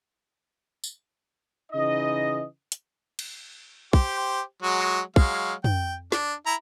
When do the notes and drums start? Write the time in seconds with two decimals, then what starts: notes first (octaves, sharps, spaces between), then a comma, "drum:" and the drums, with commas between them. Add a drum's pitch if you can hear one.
0.84 drum: tambourine
1.73 C#3 E3 D#4 D#5
2.72 drum: hi-hat
3.19 drum: cymbal
3.93 G4 C5, drum: kick
4.62 F#3 G#3 F#4
5.16 F#3 G#3 F5, drum: kick
5.64 G5, drum: tom
6.12 D4, drum: snare
6.46 E4 A#5